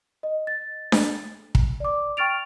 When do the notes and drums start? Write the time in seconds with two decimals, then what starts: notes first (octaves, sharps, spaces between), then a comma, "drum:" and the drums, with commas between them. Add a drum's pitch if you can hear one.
0.23 D#5
0.47 A6
0.92 drum: snare D4
1.55 drum: kick
1.80 D5 D6
2.17 G5 C#6 F6 A6 D7 F7